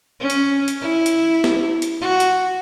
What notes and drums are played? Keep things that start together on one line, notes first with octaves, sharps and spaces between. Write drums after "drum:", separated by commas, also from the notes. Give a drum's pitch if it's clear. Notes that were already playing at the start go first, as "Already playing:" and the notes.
C#4
drum: hi-hat
drum: hi-hat
E4
drum: hi-hat
drum: snare
drum: hi-hat
F#4
drum: hi-hat